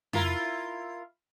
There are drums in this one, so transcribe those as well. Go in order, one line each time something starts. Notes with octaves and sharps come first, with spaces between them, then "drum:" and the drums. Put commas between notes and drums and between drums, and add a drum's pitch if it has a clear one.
E4 F4 A#4, drum: tom F2